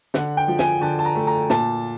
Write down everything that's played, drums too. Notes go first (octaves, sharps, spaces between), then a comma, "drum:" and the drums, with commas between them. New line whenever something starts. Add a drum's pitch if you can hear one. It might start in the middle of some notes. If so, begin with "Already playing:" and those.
D3 F#5, drum: snare
G5
F3
G#5, drum: snare
D3 A5
A5
A#5
A3
A#5
A#2 A5, drum: snare